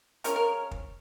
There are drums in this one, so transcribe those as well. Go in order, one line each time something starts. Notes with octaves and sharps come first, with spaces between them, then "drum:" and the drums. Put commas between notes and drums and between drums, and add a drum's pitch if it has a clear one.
F3 G#3 C#4 A#4, drum: hi-hat
A#4
drum: kick